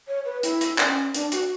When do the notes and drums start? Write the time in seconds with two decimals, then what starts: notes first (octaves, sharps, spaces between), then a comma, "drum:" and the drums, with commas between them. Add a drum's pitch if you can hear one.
0.08 C#5
0.25 B4
0.43 E4, drum: hi-hat
0.61 drum: hi-hat
0.78 D4, drum: clap
0.83 C#4
1.14 D4, drum: hi-hat
1.32 F#4, drum: hi-hat